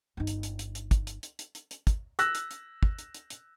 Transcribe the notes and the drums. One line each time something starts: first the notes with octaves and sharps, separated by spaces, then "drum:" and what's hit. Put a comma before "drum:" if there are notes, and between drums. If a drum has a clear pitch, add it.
G1 D#4
drum: hi-hat
drum: hi-hat
drum: hi-hat
drum: hi-hat
drum: kick, hi-hat
drum: hi-hat
drum: hi-hat
drum: hi-hat
drum: hi-hat
drum: hi-hat
drum: kick, hi-hat
E6 F#6 A#6, drum: hi-hat
drum: hi-hat
drum: hi-hat
drum: kick
drum: hi-hat
drum: hi-hat
drum: hi-hat